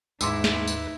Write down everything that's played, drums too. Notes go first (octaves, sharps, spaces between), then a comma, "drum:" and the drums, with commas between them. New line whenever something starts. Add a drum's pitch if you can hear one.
D#2 G#2 D#4 E4 B4 C6 D6 E6, drum: tambourine
drum: snare
drum: tambourine